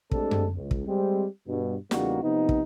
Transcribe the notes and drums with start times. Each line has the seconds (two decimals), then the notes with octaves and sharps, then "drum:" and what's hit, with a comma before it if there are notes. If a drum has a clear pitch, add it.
0.11 G#3 A3 C4 D4 G4 A4, drum: kick
0.31 drum: tom F#2
0.56 C#2
0.71 drum: kick
0.87 G3 G#3 C4
1.48 G2 B2
1.91 E2 C#3 G3 A#3 D#4 F#4, drum: snare
2.22 C3 F3 B3 D#4
2.49 drum: kick